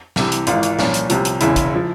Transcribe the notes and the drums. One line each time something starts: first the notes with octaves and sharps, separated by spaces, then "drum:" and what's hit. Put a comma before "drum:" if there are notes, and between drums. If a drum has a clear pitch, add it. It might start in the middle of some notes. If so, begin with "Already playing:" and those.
C2 C3 E3, drum: snare
drum: hi-hat
G#1 G#2 E3 F4, drum: hi-hat
drum: hi-hat
C2 A#2 F3 C#4, drum: snare
drum: hi-hat
C2 C3 F3, drum: hi-hat
drum: hi-hat
E1 E2 C#3 E4, drum: hi-hat
drum: kick, hi-hat
F3